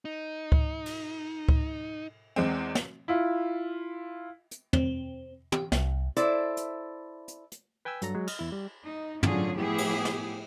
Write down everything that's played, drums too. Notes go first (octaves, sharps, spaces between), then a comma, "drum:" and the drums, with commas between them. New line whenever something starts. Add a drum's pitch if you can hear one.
D#4
drum: kick C#2
drum: cymbal
drum: kick C#2
E2 G#3 C4
drum: snare
E4 F4
drum: hi-hat
C4, drum: tom
G4, drum: tom
C2, drum: snare
E4 A4 C5 D5 E5, drum: hi-hat
drum: hi-hat
drum: hi-hat
drum: hi-hat
B4 G5 G#5 B5 E6
G2 F#3 A4 A#5, drum: hi-hat
F#3 G#3
D#5 F6, drum: cymbal
E2 E4
G3
D#4
A2 D3 F#3 C#4 F4 G#4, drum: tom
A2 F3 B3 E4 G4 G#4
drum: cymbal
drum: snare